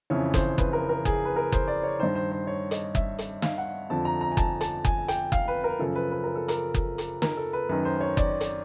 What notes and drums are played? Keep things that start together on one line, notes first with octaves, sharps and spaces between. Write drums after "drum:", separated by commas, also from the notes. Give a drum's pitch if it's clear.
F2 C#3 E3 C#5
C5, drum: kick F#1, hi-hat
B4, drum: kick F#1
A#4
A#4
G#4, drum: kick F#1
B4
A#4
C5, drum: kick F#1
D5
C#5
G2 D#3 C5
C5
C5
C#5
D#5, drum: hi-hat
E5, drum: kick F#1
drum: hi-hat
F5, drum: snare
F#5
F2 D3 F3 A5
A#5
A#5
G#5
A5, drum: kick F#1
A5, drum: hi-hat
G#5, drum: kick F#1
G5, drum: hi-hat
F5, drum: kick F#1
B4
A#4
F#2 C#3 F3 A4
B4
B4
A#4
A4
A#4, drum: hi-hat
drum: kick F#1
drum: hi-hat
A#4, drum: snare
A4
B4
F#2 D#3 B4
C5
C#5
D5, drum: kick F#1
drum: hi-hat